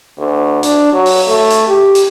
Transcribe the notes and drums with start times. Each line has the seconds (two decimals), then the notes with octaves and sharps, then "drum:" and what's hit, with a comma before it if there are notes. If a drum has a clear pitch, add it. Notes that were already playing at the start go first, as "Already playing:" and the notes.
0.18 D2
0.63 D4, drum: hi-hat
0.93 F#3
1.06 drum: open hi-hat
1.28 A3
1.50 drum: hi-hat
1.68 G4
1.95 drum: hi-hat